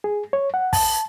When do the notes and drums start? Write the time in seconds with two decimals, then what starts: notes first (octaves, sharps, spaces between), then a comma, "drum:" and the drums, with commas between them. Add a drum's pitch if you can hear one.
0.04 G#4
0.33 C#5
0.54 F#5
0.73 A5, drum: kick, open hi-hat